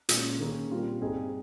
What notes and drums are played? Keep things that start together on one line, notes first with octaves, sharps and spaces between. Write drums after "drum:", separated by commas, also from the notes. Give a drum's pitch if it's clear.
A#2 G#3 C#4, drum: hi-hat
D#3 A#3 C#4 G#4
A#2 G3 C4 F4
G2 G3 C4 D#4 G#4